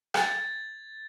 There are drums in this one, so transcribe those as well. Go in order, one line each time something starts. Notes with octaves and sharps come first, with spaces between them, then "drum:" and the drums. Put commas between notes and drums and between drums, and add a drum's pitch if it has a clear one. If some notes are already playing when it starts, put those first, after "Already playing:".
G#6 A6, drum: rim click